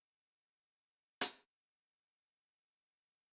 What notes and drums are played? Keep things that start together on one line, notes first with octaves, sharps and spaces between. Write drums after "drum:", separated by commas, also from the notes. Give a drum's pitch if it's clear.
B3
A3
A#3
B3
B3
drum: hi-hat
C4
B3
A#3
B3
C4
C#4
C4
A#3
C4
C#4
C#4
D4
C#4